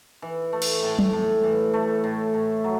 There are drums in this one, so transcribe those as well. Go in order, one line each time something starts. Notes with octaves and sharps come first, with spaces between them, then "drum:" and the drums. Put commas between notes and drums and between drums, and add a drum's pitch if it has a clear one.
E3
A3
drum: cymbal
A2
drum: tom F#3
A2
E3
A3
A2
A2
F#3